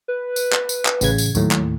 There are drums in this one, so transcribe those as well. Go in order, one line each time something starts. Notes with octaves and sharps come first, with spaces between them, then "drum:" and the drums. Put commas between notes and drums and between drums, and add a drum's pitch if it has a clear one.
B4
drum: tambourine
drum: clap
drum: tambourine
drum: clap
A1 C#3 G#6, drum: tambourine
drum: tambourine
D#2 A2 F#3, drum: tambourine
drum: clap